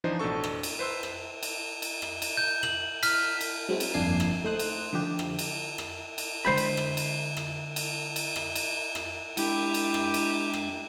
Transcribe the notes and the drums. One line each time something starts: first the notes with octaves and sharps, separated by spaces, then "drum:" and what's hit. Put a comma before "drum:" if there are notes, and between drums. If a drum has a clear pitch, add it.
E3 F3 D4 D#4 C5
A1 B2 D4 A4 C#6
drum: rim click
drum: cymbal
B4 C5 C6 E6
drum: rim click
drum: cymbal
drum: cymbal
drum: rim click
drum: cymbal
G6
F#7, drum: rim click
F6 B6, drum: cymbal
drum: cymbal
F#3 G#3 C4 C#4 E4
drum: cymbal
G1 F2 A#3 D4 G#5 C7
drum: rim click
A3 D#4 C5 D#6 F#6
drum: cymbal
D3 F3 G4
drum: rim click
drum: cymbal
drum: rim click
drum: cymbal
D3 G#3 D4 C5 G5 B5
drum: cymbal
drum: rim click
drum: cymbal
drum: rim click
drum: cymbal
drum: cymbal
drum: rim click
drum: cymbal
drum: rim click
G#3 D4 E4 G4, drum: cymbal
drum: cymbal
drum: rim click
drum: cymbal
drum: rim click